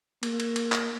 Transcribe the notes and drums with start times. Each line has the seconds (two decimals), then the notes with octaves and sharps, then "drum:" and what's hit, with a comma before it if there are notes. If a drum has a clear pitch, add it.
0.23 A#3, drum: cymbal
0.40 drum: cymbal
0.56 drum: cymbal
0.72 drum: clap